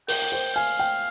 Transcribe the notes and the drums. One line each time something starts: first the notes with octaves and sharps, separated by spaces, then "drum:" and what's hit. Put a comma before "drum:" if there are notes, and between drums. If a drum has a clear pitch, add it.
A#4 G5, drum: open hi-hat
C5
F5 G#5
G5